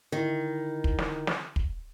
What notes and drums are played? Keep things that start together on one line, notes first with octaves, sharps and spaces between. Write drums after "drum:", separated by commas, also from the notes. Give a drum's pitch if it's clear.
D3 D#3 E4
drum: kick
drum: snare
drum: snare
drum: kick